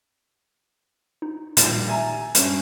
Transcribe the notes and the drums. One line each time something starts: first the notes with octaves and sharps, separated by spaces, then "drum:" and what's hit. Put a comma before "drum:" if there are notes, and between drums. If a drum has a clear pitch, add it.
D#4
A#1 A#2 D#3 G3 A6, drum: hi-hat
E5 G#5 A#5
G2 C#4, drum: hi-hat